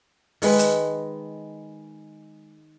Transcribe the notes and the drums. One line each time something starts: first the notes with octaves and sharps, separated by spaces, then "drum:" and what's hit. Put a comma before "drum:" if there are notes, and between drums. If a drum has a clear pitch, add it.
D#3 G#3 B4, drum: open hi-hat
drum: hi-hat